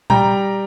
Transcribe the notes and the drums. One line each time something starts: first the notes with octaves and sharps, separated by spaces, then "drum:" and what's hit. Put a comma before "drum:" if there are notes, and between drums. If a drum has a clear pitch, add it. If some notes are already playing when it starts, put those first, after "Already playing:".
G3 G5 A#5, drum: tom A#2